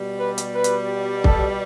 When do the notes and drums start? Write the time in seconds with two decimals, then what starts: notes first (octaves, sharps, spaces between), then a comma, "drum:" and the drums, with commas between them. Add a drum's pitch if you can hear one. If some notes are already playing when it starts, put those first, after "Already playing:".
Already playing: B2 G3
0.19 B4
0.38 drum: hi-hat
0.54 B4
0.64 drum: hi-hat
1.24 A4, drum: kick